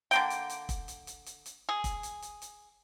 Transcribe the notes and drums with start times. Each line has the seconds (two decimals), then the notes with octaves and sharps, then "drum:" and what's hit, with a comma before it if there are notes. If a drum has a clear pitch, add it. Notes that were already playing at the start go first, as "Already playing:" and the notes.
0.11 D3 A#3 G5, drum: hi-hat
0.30 drum: hi-hat
0.50 drum: hi-hat
0.69 drum: kick, hi-hat
0.88 drum: hi-hat
1.07 drum: hi-hat
1.26 drum: hi-hat
1.46 drum: hi-hat
1.69 G#4
1.84 drum: kick, hi-hat
2.03 drum: hi-hat
2.22 drum: hi-hat
2.42 drum: hi-hat